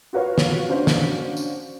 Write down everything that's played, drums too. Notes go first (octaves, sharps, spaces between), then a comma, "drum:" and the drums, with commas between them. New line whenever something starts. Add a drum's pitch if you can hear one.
F4 F#4 B4 C#5 F5
drum: snare
C#4 D4 F#4 C5 F5
drum: snare
drum: tambourine